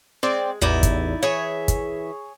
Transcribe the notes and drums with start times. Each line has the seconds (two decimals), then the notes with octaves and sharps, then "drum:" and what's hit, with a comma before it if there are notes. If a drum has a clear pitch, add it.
0.23 G#3 C4 D5
0.62 A1 E2 D#4 E4 D5
0.83 drum: kick, hi-hat
1.23 E3 G#4 C#5 E5
1.68 drum: kick, hi-hat